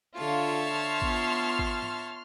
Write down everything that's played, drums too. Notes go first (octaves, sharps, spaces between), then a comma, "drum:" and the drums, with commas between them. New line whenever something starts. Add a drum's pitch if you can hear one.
D3 F4 A4 C#5 E5 A5
C6 F6
B3 F4, drum: kick G#1
drum: kick G#1
drum: tom G#2